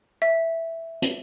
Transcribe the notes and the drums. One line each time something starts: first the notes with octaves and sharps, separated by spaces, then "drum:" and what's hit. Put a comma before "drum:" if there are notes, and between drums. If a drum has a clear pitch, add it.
E5
drum: hi-hat